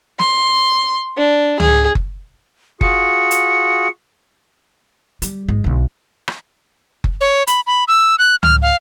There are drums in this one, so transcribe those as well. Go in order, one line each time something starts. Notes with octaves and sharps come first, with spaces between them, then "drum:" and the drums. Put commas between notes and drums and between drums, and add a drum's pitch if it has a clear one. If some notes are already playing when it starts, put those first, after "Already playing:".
C6, drum: snare
D4
G#4, drum: tom C#2
drum: kick F#1
F4 F#4 G#4 C#7, drum: kick F#1
drum: hi-hat
G3, drum: hi-hat
G#1 G#3
B1 D3
drum: rim click
drum: kick F#1
C#5
B5, drum: hi-hat
B5
E6
F#6
F6, drum: tom C#2
F5